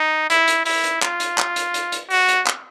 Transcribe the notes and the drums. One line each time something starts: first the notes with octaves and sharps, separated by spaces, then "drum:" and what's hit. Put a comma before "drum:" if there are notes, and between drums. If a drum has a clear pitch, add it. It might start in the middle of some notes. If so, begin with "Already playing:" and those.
Already playing: D#4
E4, drum: hi-hat
drum: hi-hat
E4, drum: open hi-hat
drum: hi-hat
F4, drum: clap
drum: hi-hat
drum: clap
drum: hi-hat
drum: hi-hat
drum: hi-hat
F#4, drum: open hi-hat
drum: hi-hat
drum: clap